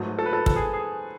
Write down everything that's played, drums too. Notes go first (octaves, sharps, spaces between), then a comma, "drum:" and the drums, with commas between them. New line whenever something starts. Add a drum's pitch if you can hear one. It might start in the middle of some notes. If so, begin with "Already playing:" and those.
Already playing: G#2 F#3 A3 B4
A4
B4
A4
A4, drum: kick
G#4
G#4